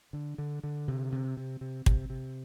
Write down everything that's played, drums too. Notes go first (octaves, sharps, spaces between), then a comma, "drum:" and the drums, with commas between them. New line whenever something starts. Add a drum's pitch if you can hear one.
D3
D3
D3
C3
C3
C3
C3
C3, drum: kick
C3